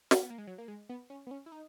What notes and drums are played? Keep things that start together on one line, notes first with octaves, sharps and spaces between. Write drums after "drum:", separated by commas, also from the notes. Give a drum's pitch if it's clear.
drum: snare
B3
A#3
G#3
F#3
A#3
G#3
B3
C#4
B3
C#4
E4
D#4